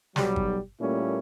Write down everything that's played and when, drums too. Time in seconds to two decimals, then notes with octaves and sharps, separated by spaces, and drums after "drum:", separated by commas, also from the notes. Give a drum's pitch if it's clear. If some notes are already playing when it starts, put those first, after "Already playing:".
0.16 B1 F#3 G3, drum: snare
0.36 drum: kick
0.79 A#2 G3 A3 A#3 C#4 E4